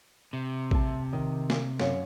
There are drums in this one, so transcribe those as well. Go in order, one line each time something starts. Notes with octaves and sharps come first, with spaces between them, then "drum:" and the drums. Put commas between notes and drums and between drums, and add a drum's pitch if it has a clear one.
C3
E5 A5, drum: kick
D#3
drum: snare
F#2 C#5 F5, drum: snare